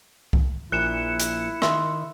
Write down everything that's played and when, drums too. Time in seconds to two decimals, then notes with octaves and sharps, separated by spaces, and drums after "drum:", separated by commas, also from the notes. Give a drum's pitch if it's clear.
0.33 drum: kick C2
0.72 A#1 A#2 E4 F#6 C#7 E7
1.20 drum: hi-hat
1.62 D#3 E5 C6 E6, drum: rim click